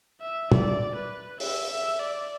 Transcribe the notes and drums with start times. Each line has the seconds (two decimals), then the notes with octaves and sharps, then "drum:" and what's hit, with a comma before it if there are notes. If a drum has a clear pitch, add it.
0.21 E5
0.52 D5, drum: tom
0.95 B4
1.40 E5, drum: open hi-hat
1.70 E5
2.00 D5